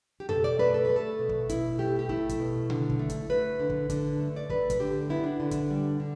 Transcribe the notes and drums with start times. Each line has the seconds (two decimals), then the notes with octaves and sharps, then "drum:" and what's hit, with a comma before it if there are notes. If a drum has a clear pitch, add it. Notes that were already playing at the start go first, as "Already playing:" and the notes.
0.20 G4
0.29 B2 A4, drum: tom F2
0.44 D5
0.59 A3 B4
0.74 A4
0.85 A3 B4
0.96 A4
1.19 B2
1.29 drum: kick
1.49 B2 E4, drum: kick, hi-hat
1.79 A3 G4
1.99 G4
2.09 A3 E4, drum: kick
2.29 drum: kick, hi-hat
2.39 B2
2.70 D3, drum: tom C3
2.89 drum: kick
2.99 A3
3.10 drum: kick, hi-hat
3.29 A3 B4
3.59 D3
3.70 drum: kick
3.90 D3, drum: kick, hi-hat
4.20 A3
4.36 D5
4.50 A3 B4, drum: kick
4.70 drum: kick, hi-hat
4.79 D3 G4
5.10 B3 E4
5.24 D4
5.40 D3
5.51 D4, drum: kick, hi-hat
5.70 G3
6.00 D3